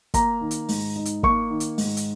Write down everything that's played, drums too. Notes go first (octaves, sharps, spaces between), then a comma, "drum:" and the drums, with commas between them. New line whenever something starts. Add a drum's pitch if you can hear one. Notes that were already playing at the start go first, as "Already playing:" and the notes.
A#3 A#5, drum: kick, hi-hat
D#3
drum: hi-hat
G#2, drum: open hi-hat
D#4
drum: hi-hat
A#3 C#6, drum: kick
D#3
drum: hi-hat
G#2, drum: open hi-hat
drum: hi-hat